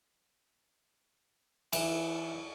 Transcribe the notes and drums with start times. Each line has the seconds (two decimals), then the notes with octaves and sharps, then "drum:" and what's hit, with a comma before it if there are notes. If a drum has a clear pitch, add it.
1.73 E3, drum: cymbal